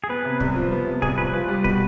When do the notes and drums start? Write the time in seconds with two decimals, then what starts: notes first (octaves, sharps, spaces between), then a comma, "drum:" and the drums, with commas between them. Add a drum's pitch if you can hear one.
0.04 G#4
0.09 B3 B4
0.25 C3
0.40 C2, drum: kick
0.55 F3
0.72 B3
0.87 C3
1.02 C2 G#4, drum: kick
1.18 F3 B4
1.34 F4 B4
1.49 G3
1.64 B2 B4, drum: kick